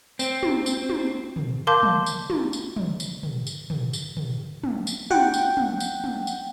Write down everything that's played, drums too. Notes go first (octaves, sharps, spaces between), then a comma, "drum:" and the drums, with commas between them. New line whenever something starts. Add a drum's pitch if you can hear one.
C4, drum: tambourine
drum: tom
drum: tambourine
drum: tom
drum: tom
A#4 F5 A5 C6 D6 G6
drum: tom
drum: tambourine
drum: tom
drum: tambourine
drum: tom
drum: tambourine
drum: tom
drum: tambourine
drum: tom
drum: tambourine
drum: tom
drum: tom
drum: tambourine
F#5 G5, drum: tom
drum: tambourine
drum: tom
drum: tambourine
drum: tom
drum: tambourine